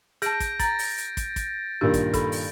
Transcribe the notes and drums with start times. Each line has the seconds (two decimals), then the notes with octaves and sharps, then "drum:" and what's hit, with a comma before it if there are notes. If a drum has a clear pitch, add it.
0.22 G#4 A5 G6 A#6 D7, drum: hi-hat
0.40 drum: kick, hi-hat
0.59 A#5 A6, drum: kick, hi-hat
0.79 drum: open hi-hat
0.98 drum: hi-hat
1.17 drum: kick, hi-hat
1.36 drum: kick, hi-hat
1.81 G2 A#2 D#3 G4
1.94 drum: kick, hi-hat
2.14 A4 B5, drum: kick, hi-hat
2.32 drum: open hi-hat